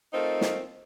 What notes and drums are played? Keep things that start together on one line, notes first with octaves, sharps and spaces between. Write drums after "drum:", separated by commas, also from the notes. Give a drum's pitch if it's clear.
A3 C4 D#4 F4 A#4
drum: snare